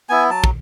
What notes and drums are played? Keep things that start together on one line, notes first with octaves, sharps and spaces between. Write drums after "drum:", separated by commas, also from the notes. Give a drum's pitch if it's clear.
B3 E4 G#5
F#3 A5
drum: kick